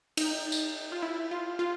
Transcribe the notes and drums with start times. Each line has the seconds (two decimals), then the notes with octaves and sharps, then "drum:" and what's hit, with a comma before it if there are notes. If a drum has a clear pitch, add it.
0.17 D#4, drum: cymbal
0.52 drum: tambourine
0.92 F4
1.02 E4
1.31 F4
1.59 F4